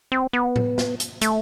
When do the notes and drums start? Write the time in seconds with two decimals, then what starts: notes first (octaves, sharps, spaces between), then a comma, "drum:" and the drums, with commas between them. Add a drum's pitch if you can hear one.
0.12 C4
0.33 B3
0.56 drum: tom A2
0.78 drum: snare
1.00 drum: hi-hat
1.22 A3, drum: hi-hat